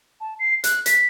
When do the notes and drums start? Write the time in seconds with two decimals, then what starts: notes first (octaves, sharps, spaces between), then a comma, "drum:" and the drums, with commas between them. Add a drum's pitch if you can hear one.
0.21 A5
0.39 C7
0.64 F#6, drum: hi-hat
0.86 B6, drum: hi-hat